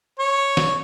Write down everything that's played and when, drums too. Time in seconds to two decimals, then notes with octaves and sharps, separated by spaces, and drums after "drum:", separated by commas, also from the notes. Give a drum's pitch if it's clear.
0.19 C#5
0.57 drum: snare